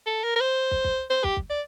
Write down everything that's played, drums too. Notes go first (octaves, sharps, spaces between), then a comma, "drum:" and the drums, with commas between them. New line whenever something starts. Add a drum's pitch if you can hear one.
A4
A#4
A#4
C5
drum: kick
drum: kick
C5
G4, drum: kick
drum: kick
D5